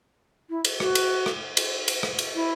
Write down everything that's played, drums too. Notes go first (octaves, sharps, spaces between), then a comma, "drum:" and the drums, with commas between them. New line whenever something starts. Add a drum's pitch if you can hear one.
E4
drum: cymbal
F#4, drum: rim click
drum: cymbal
drum: rim click
drum: cymbal
drum: cymbal
drum: rim click
drum: cymbal
E4